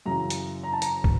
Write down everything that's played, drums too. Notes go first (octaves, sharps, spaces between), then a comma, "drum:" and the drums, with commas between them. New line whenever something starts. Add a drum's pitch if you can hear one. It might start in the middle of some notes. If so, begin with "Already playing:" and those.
F#2 C#3 E3 A#5
drum: hi-hat
A#5
A5
A#5, drum: hi-hat
drum: kick